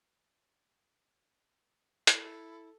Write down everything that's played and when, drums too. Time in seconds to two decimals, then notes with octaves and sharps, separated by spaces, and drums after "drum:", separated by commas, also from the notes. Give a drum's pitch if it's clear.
2.07 E4 A4, drum: hi-hat